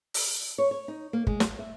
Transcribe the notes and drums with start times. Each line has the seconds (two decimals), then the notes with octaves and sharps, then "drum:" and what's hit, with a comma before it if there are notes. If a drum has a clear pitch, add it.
0.14 drum: open hi-hat
0.58 C#5
0.71 C#5
0.88 D#4
1.13 A#3
1.27 G#3, drum: kick
1.40 F5, drum: snare
1.59 E5